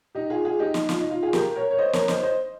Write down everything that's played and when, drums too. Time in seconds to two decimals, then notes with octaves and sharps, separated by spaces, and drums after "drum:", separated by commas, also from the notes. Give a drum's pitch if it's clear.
0.15 D#4 G4
0.30 F4 G#4
0.45 F4 G#4
0.59 D#4 G4
0.74 D#4, drum: snare
0.89 F4, drum: snare
1.00 D#4
1.11 F4
1.23 F4 G#4
1.33 G4 A#4, drum: snare
1.55 A#4 C#5
1.71 C#5
1.78 C5 D#5
1.93 A#4 C#5, drum: snare
2.08 C5 D#5, drum: snare
2.23 C5 D#5